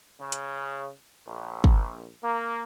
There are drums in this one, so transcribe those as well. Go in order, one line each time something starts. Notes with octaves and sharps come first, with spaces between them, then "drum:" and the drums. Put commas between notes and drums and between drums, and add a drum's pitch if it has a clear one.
C#3
drum: hi-hat
A#1
drum: kick
A#3